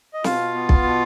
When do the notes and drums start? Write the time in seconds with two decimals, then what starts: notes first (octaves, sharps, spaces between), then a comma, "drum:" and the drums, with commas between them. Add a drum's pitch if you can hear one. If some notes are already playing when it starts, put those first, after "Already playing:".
0.14 D#5
0.24 B2 F4 F5, drum: snare
0.55 B3
0.69 drum: kick B1
0.83 B2